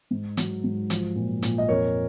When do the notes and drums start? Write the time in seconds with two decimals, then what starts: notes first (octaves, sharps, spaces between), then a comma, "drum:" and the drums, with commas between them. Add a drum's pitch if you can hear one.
0.11 G#2
0.37 F#3, drum: hi-hat
0.64 G#2
0.90 F3, drum: hi-hat
1.16 A#2
1.42 A#2, drum: hi-hat
1.58 D#5
1.68 F2 A#4 C#5